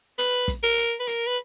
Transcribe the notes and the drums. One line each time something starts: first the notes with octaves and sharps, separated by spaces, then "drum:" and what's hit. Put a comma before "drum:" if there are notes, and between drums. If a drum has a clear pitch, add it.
B4, drum: hi-hat
drum: kick, hi-hat
A#4
drum: hi-hat
B4
A#4, drum: hi-hat
B4